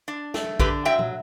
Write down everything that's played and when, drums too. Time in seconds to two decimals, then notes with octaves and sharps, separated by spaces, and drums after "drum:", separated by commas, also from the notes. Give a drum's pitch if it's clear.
0.08 D4
0.34 A3, drum: snare
0.59 D3 G4 B4, drum: kick A#1
0.85 F#3 E5 G5
0.99 drum: tom A#2